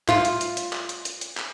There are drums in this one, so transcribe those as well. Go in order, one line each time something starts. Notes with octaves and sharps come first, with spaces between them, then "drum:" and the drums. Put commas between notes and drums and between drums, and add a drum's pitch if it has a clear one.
F4, drum: clap
drum: hi-hat
drum: hi-hat
drum: hi-hat
drum: clap
drum: hi-hat
drum: hi-hat
drum: hi-hat
drum: clap